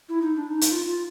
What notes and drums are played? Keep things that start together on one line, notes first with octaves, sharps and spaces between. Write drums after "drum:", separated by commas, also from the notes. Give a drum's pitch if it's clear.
E4
D#4
D4
D#4
drum: hi-hat
F4
F4